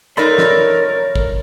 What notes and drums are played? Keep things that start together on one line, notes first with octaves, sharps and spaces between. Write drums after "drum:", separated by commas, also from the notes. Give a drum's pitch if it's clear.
A3 D#4 A#4 C#5 D5 B5 C6
drum: snare
drum: kick